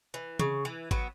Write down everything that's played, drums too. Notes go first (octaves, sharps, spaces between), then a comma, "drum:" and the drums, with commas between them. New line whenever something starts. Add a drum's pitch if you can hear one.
E3
C#3, drum: tom
E3
F#3 B3, drum: kick G#1